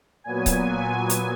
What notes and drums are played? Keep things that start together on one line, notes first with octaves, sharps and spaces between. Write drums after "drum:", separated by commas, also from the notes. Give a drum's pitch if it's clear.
A#2 F#3 B3 G#5
drum: kick C#1, hi-hat
G#5
drum: hi-hat